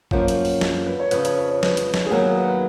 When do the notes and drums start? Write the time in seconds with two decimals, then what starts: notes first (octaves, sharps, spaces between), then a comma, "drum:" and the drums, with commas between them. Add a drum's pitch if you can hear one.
0.11 F#2 F3 A#3 C#4 F4, drum: kick G#1
0.28 drum: hi-hat
0.45 drum: open hi-hat
0.61 drum: snare
0.86 B4
1.00 C#5
1.11 F2 C#3 F3 B4, drum: hi-hat
1.25 C#5, drum: hi-hat
1.38 B4
1.50 C#5
1.63 B4, drum: snare
1.77 drum: hi-hat
1.94 drum: snare
2.06 G#4
2.10 D#2 D#3 F#3 B3 A#4
2.36 B4
2.48 B4